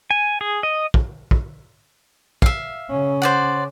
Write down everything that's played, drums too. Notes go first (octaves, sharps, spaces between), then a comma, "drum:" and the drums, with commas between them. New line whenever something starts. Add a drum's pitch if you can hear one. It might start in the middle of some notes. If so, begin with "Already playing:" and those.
G#5
G#4
D#5
drum: kick
drum: kick
E5 F5, drum: kick
C#3 C#4
C5 D5 F#5